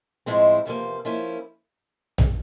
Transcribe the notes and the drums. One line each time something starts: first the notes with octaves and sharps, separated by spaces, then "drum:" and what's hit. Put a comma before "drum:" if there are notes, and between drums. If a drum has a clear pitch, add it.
A2 F3 G#3 C4 E4
E2 C3 F3 A#3
F3 A#3 C#4 E4
drum: tom A#1